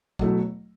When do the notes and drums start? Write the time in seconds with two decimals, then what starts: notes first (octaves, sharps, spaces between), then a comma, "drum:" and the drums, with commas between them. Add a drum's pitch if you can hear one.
0.19 B2 F#3 A3 E4, drum: kick